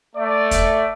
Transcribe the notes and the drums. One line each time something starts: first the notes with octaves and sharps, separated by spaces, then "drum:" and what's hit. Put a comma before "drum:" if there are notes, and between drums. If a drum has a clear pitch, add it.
A3 D5
drum: kick, hi-hat